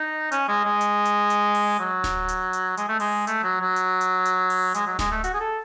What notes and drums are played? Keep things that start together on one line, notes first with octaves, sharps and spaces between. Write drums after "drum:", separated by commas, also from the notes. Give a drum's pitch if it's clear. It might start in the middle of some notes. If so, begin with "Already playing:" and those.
Already playing: D#4
C#4, drum: hi-hat
G#3
G#3
drum: hi-hat
drum: hi-hat
drum: hi-hat
drum: open hi-hat
F#3
drum: snare D1
drum: hi-hat
drum: hi-hat
G#3, drum: hi-hat
A3
G#3, drum: open hi-hat
A3, drum: hi-hat
F#3
F#3
drum: hi-hat
drum: hi-hat
drum: hi-hat
drum: open hi-hat
G#3, drum: hi-hat
F#3
G#3, drum: snare D1
A3
F#4, drum: hi-hat
G#4
A4